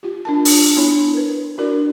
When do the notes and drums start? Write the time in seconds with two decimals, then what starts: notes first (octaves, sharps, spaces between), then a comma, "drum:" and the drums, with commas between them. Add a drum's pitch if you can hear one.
0.03 F4 G4
0.25 D4 F4 A#4 A5
0.45 drum: open hi-hat
0.77 B3 D4 E4 C#5 B5
1.14 A#4 B4
1.58 D4 E4 F#4 A#4 D5